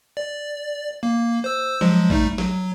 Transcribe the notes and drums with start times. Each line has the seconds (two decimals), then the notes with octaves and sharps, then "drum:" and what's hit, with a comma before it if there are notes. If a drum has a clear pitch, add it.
0.17 D5
1.03 A#3
1.44 C5 E6
1.81 F3 F#3 G#3, drum: snare
2.10 G3 A3 D#4, drum: kick A1
2.38 F#3, drum: snare